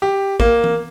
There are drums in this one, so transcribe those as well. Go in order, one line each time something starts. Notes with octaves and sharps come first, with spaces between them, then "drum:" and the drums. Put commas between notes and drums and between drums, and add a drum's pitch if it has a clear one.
G4
A#3, drum: kick
drum: tom E3